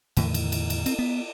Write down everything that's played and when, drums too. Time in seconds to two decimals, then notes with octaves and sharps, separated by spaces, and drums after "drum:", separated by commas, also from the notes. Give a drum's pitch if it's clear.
0.17 E2 A2 D3 D#3, drum: cymbal
0.34 drum: cymbal
0.52 drum: cymbal
0.70 drum: cymbal
0.86 C4, drum: cymbal
0.99 B3